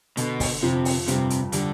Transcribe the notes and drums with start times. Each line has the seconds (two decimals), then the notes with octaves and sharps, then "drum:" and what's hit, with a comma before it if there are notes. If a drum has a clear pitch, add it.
0.17 B2 D3, drum: hi-hat
0.40 drum: kick, open hi-hat
0.63 F2 C3 F3
0.85 drum: open hi-hat
1.08 G2 C3 G3, drum: hi-hat
1.30 drum: hi-hat
1.52 D3 G3, drum: hi-hat